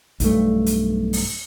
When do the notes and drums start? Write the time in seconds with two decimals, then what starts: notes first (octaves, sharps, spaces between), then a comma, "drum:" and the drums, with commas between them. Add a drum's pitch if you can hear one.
0.20 B1 G2 A3, drum: hi-hat
0.66 drum: hi-hat
1.13 drum: open hi-hat